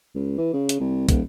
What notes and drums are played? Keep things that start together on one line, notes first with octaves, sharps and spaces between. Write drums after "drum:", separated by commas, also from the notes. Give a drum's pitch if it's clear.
C#2
E3
C#3
drum: hi-hat
C2
D#1, drum: kick, hi-hat